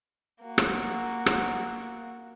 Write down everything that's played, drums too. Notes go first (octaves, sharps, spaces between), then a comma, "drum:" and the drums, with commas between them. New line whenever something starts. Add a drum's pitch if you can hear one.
A#3 F#4
drum: rim click
drum: rim click